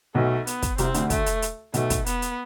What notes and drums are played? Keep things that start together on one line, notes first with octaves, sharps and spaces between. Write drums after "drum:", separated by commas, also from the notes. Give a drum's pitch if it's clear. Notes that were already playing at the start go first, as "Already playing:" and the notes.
B1 B2 A3
B3, drum: hi-hat
drum: kick, hi-hat
C2 C3 C4, drum: hi-hat
D2 D3, drum: hi-hat
A3, drum: kick, hi-hat
drum: hi-hat
drum: hi-hat
B1 B2 A3, drum: hi-hat
drum: kick, hi-hat
B3, drum: hi-hat
drum: hi-hat